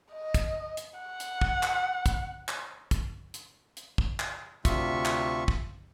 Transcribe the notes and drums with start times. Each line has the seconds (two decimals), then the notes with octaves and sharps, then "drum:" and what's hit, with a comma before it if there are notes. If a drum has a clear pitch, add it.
0.13 D#5
0.34 drum: kick, hi-hat
0.77 drum: hi-hat
0.99 F#5
1.20 drum: hi-hat
1.41 drum: kick
1.63 drum: clap
2.06 drum: kick, hi-hat
2.48 drum: clap
2.91 drum: kick, hi-hat
3.34 drum: hi-hat
3.77 drum: hi-hat
3.98 drum: kick
4.20 drum: clap
4.65 D2 C3 F4 E5 C#6, drum: kick, hi-hat
5.05 drum: clap
5.48 drum: kick